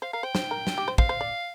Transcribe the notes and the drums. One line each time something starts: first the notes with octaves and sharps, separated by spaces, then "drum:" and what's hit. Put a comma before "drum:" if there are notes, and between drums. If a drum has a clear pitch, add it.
C5 F5
A#4 F5
C5 G5
C5, drum: snare
A#4
drum: snare
G4
C5
C5 F5, drum: kick
C5
D5